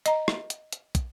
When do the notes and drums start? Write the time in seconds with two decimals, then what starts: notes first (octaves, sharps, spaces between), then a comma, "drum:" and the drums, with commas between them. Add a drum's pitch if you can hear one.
0.06 D#5 A#5, drum: hi-hat
0.28 drum: rim click
0.50 drum: hi-hat
0.72 drum: hi-hat
0.95 drum: kick, hi-hat